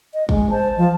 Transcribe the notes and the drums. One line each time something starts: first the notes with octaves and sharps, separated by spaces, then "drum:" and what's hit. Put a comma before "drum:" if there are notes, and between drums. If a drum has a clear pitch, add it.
D#5
G#3, drum: kick
C5 A5
F3